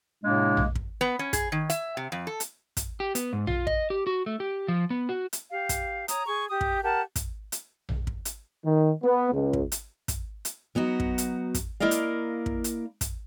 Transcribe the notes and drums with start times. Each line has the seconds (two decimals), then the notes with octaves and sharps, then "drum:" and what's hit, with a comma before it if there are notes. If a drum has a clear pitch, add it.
0.24 A2 C3 G#3 A#3 D4
0.57 drum: tom A#1
0.75 drum: kick
1.01 B3
1.19 C#4
1.33 G#4, drum: kick, hi-hat
1.52 D#3
1.70 E5, drum: hi-hat
1.97 C3
2.12 F2
2.27 A4
2.40 drum: hi-hat
2.77 drum: kick, hi-hat
3.00 G4
3.15 B3, drum: hi-hat
3.33 G#2
3.47 F4, drum: tom A#1
3.67 D#5, drum: kick
3.90 G4
4.07 F#4
4.26 A3
4.40 G4
4.68 F3
4.90 B3
5.09 F#4
5.33 drum: hi-hat
5.51 G4 F5
5.69 drum: kick, hi-hat
6.08 C#5 A#5 D#6, drum: hi-hat
6.25 G#4 C#6
6.49 G4 D#6
6.61 drum: kick
6.83 G4 A#4 F#5 A5
7.16 drum: kick, hi-hat
7.52 drum: hi-hat
7.89 drum: tom A#1
8.07 drum: kick
8.25 drum: hi-hat
8.65 D#3
9.02 B3
9.32 C#2
9.53 drum: kick
9.72 drum: hi-hat
10.08 drum: kick, hi-hat
10.45 drum: hi-hat
10.75 F#3 B3 D#4 F#4
11.00 drum: kick
11.18 drum: hi-hat
11.55 drum: kick, hi-hat
11.80 A#3 E4 A#4 D5 D#5 F5
11.91 drum: hi-hat
12.46 drum: kick
12.64 drum: hi-hat
13.01 drum: kick, hi-hat